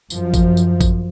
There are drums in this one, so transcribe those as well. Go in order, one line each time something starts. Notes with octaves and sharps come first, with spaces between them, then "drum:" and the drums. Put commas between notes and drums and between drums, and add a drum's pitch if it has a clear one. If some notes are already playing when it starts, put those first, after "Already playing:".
F#2 F3, drum: tambourine
drum: kick G#1, tambourine
drum: tambourine
drum: kick G#1, tambourine